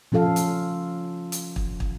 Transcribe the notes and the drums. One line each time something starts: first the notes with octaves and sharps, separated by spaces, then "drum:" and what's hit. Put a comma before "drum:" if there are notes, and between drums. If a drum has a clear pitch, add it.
F3 C#4 F4 A4 F5
drum: hi-hat
drum: hi-hat
drum: kick
drum: kick